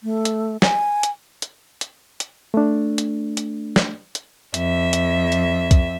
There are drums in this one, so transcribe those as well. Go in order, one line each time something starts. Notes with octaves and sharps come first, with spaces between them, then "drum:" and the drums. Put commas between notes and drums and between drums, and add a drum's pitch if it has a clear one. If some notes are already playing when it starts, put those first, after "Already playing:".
A3
drum: hi-hat
G#5, drum: snare
drum: hi-hat
drum: hi-hat
drum: hi-hat
drum: hi-hat
A3 D4
drum: hi-hat
drum: hi-hat
drum: snare
drum: hi-hat
F2 E5, drum: hi-hat
drum: hi-hat
drum: hi-hat
drum: kick B1, hi-hat